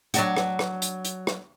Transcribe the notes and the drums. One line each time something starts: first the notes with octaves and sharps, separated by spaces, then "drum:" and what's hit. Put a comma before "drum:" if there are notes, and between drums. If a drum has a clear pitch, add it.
F#3 D4 F#4, drum: hi-hat
drum: rim click
drum: rim click
drum: hi-hat
drum: hi-hat
drum: rim click